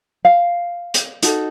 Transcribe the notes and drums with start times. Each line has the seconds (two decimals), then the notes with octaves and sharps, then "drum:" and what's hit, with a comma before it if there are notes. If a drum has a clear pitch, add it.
0.25 F5
0.94 drum: hi-hat
1.22 D#4 F#4 A4, drum: hi-hat